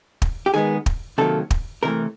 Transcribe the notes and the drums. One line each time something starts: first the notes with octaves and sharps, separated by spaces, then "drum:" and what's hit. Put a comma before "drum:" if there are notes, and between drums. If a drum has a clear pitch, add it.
drum: kick
G4
D#3 G#3 B3 G#4
drum: kick
C3 D#3 F#3 A#3 A4
drum: kick
C3 E3 A3 A#4